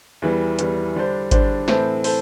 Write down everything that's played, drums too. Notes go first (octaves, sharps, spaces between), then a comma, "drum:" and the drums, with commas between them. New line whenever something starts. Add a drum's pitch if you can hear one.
E2 E3 G3
E2 E3 G3, drum: hi-hat
D3 G3 D4 C5
D3 G3 D4 C5, drum: kick G#1, hi-hat
A2 E3 C4 A4 C5, drum: snare
A4 C5, drum: open hi-hat